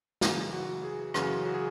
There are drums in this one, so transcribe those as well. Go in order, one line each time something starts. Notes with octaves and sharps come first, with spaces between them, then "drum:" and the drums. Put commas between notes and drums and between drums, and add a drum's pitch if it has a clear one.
F#2 C#3 E3, drum: snare
F#4
G#4
F#2 C#3 E3 F#4, drum: rim click
F#4
G#4